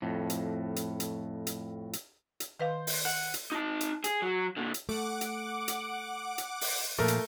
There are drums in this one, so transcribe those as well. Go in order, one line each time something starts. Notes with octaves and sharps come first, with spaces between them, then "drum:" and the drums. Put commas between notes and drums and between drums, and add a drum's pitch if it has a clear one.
F2 A2
drum: hi-hat
drum: hi-hat
drum: hi-hat
drum: hi-hat
drum: hi-hat
drum: hi-hat
D#3 B4 C5 F5
drum: open hi-hat
F#5
drum: hi-hat
D#4 A5
drum: hi-hat
G#4, drum: hi-hat
F#3
A#2 D3
drum: hi-hat
A3 F#5 D6
drum: hi-hat
drum: hi-hat
drum: hi-hat
drum: open hi-hat
A#2 F3 A3 A#4
drum: hi-hat